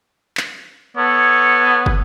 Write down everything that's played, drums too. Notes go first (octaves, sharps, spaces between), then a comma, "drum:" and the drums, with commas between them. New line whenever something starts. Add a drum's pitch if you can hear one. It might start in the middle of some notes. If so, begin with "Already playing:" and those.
drum: clap
B3 A4 C#5
drum: kick